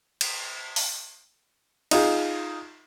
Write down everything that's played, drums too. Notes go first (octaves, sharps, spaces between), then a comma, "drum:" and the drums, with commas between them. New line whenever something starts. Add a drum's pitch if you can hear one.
drum: cymbal
drum: open hi-hat
D#4 F4 G#4, drum: cymbal